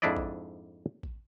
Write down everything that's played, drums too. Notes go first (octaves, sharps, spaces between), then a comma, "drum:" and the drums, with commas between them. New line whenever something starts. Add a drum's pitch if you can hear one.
F2 G#2 D4 E4 D5 D#5
drum: kick A1
drum: kick A1